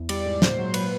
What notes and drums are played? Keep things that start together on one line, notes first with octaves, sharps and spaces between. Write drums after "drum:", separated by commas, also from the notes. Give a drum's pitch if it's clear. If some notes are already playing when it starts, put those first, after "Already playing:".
Already playing: E2
G3 D5, drum: cymbal
G#2
A#2 C5, drum: snare
F#3
A#2 B4, drum: cymbal